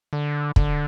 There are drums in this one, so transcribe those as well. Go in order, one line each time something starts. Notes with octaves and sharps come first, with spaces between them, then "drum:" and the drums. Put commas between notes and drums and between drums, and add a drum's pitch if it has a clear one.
D3
D3, drum: kick